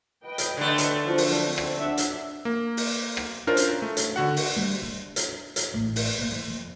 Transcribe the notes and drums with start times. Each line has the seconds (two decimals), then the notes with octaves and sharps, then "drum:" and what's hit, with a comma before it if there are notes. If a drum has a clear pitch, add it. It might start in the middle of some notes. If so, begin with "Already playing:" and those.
0.24 B4 D#5 G5
0.38 drum: hi-hat
0.57 D3 A3
0.78 drum: hi-hat
1.06 F3 F#3 D4
1.18 drum: open hi-hat
1.47 C4
1.58 drum: rim click
1.78 D4 E5 F#5
1.97 drum: hi-hat
2.45 A#3
2.77 drum: open hi-hat
3.17 drum: rim click
3.47 C#4 D4 F4 A#4 C5
3.57 drum: hi-hat
3.82 A3
3.97 drum: hi-hat
4.16 D3 F#4 F#5
4.36 drum: open hi-hat
4.56 G3
4.82 D4
5.16 drum: hi-hat
5.56 drum: hi-hat
5.74 A1
5.96 drum: open hi-hat
6.19 A#1
6.32 E3
6.48 F2